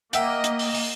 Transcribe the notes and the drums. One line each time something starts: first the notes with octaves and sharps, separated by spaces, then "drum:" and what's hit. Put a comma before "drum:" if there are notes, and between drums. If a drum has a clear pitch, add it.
A#3 D#5 E5 F#5 G5, drum: hi-hat
drum: hi-hat
drum: open hi-hat
drum: open hi-hat